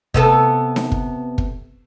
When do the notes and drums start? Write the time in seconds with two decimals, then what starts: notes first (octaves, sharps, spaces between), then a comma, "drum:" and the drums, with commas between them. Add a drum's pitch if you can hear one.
0.14 C3 B3 A4, drum: kick
0.76 drum: snare D#4
0.92 drum: kick
1.38 drum: kick